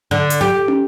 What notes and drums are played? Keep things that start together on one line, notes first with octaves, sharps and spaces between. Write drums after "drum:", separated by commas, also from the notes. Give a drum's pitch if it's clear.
D3
drum: hi-hat
G4
drum: tom